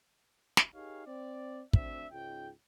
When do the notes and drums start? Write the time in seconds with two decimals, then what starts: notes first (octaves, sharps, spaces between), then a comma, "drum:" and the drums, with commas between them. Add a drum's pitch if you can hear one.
0.57 drum: snare
0.74 D#4 G4 G#4 A#4 C#5 F5
1.06 C4 D5
1.73 D2 C4 D4 E5, drum: kick
2.12 C#2 G#2 G5